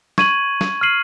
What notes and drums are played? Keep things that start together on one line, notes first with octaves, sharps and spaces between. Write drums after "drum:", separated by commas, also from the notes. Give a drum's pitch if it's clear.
C#6 G#6 D#7 F#7, drum: snare
drum: snare
F6 C7 D#7 F#7